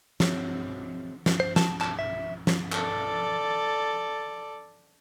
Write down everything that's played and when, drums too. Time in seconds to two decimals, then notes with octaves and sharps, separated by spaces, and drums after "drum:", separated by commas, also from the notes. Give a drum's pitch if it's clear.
0.20 G#3 C4 E4 F#4 C#5, drum: snare
1.26 drum: snare
1.40 C5
1.56 A5, drum: snare
1.81 A5, drum: clap
1.99 E5
2.47 drum: snare
2.73 A4 D5, drum: clap